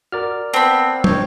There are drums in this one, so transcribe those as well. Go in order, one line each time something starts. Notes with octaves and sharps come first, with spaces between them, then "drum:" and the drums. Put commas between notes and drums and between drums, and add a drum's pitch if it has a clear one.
F#4 A#4 D5 F6
B3 C4 G5 A5 B5
D4 C#5 G5, drum: tom